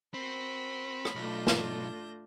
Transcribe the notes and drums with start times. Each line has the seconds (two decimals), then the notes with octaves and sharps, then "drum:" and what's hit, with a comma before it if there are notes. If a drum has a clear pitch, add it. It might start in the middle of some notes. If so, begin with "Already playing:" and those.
0.14 C4 F#4 A#4 B5
1.05 drum: rim click
1.15 B1 A3 D4 F4 G6 A#6
1.47 drum: snare